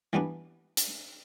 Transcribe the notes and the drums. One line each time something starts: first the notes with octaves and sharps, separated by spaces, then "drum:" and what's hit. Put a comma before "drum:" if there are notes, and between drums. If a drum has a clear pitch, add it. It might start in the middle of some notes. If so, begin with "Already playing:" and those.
E3 G3 B3 D4
drum: hi-hat